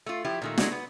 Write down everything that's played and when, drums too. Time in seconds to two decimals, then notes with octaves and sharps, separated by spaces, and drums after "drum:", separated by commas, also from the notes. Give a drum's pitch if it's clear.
0.06 A3 F4
0.25 F3 E4 G4
0.42 A#2 D#3 A3
0.58 F#3 G#3 A3 D4 E4 F#4, drum: snare
0.72 B3